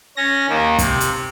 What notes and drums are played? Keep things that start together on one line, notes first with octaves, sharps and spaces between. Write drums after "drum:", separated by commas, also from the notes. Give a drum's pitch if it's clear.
C#4 A#6
D#2 D#3 A#3
C3, drum: kick, hi-hat
drum: hi-hat